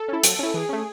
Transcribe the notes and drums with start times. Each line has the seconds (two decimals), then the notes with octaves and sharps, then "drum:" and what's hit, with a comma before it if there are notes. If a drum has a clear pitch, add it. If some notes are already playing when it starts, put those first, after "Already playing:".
Already playing: A4
0.08 C#4 E4
0.23 F#3, drum: hi-hat
0.39 C#4 E4
0.54 E3 G#4
0.69 A3 C#4